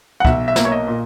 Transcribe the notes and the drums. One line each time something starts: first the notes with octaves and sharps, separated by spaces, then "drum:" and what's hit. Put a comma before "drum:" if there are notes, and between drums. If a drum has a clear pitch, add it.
F#5
B1 E5, drum: kick
E5
A#3, drum: snare
C#5
D#5
A#2